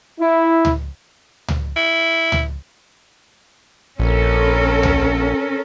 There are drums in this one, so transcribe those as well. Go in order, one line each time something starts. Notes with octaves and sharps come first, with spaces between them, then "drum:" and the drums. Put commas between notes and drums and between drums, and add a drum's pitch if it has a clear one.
E4
drum: tom C#2
drum: tom C#2
E4
drum: tom C#2
A#1 C#4 A4 A#4
drum: tom C#2